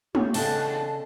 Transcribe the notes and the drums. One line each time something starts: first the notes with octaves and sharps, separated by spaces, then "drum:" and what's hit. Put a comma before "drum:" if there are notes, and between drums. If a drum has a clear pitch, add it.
G4 C#5, drum: tom
E2 C#3 D4 A4 D#5 G5 A5, drum: open hi-hat